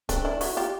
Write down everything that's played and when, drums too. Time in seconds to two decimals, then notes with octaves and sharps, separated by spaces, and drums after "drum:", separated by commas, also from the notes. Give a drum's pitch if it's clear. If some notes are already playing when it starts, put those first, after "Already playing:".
0.09 C4 D4, drum: kick D1, hi-hat
0.25 D4 E4
0.41 E4 F#4, drum: open hi-hat
0.57 F4 G4